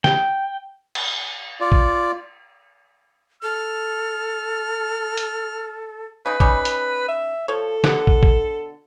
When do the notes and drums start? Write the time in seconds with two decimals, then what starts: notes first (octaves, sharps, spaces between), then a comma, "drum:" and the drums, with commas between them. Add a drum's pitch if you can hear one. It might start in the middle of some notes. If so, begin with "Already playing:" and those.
0.04 G5, drum: snare
0.95 drum: cymbal
1.60 F4 D5
1.72 drum: kick
3.43 A4 F6
5.17 drum: hi-hat
6.26 C#3 D#4 B4
6.40 G3 C#4 D#4, drum: kick
6.65 drum: hi-hat
7.08 E5
7.48 F3 A4 C#5
7.84 B2 D3 F#5, drum: snare
8.07 drum: kick
8.23 drum: kick